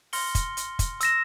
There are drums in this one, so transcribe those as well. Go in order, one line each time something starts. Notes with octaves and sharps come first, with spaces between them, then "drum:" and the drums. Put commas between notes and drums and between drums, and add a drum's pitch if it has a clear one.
C6 F6 A#6 C#7 G7, drum: open hi-hat
drum: kick, hi-hat
drum: hi-hat
drum: kick, hi-hat
E6 A#6 E7, drum: hi-hat